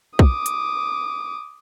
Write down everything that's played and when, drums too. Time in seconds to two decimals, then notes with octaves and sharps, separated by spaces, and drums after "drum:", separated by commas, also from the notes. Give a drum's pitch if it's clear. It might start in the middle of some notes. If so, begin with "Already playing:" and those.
0.19 D6 D#6, drum: kick
0.46 drum: hi-hat